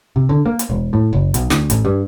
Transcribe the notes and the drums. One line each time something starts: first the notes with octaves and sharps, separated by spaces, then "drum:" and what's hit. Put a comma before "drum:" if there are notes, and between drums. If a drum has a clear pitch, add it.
C3
D3
A#3
drum: hi-hat
E1
A2
F#1
B1, drum: hi-hat
D2, drum: snare
A1, drum: hi-hat
G2